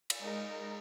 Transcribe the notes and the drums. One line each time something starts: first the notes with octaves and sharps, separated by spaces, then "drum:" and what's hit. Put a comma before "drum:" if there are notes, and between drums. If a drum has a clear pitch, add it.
drum: cymbal
G#3 D#4 A#4